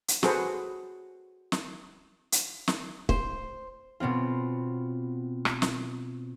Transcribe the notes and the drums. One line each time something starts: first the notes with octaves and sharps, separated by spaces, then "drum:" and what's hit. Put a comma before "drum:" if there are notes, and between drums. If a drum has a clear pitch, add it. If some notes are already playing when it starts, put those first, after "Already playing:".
drum: hi-hat
F#4 G#4 A4 B4 C5, drum: snare
drum: snare
drum: hi-hat
drum: snare
C5, drum: kick
B2 B3 C4 F4
drum: rim click
drum: snare